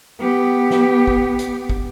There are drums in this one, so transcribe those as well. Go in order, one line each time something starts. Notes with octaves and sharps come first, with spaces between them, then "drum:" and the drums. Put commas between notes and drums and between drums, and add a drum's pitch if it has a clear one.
B3 G4
drum: snare
drum: kick
drum: hi-hat
drum: kick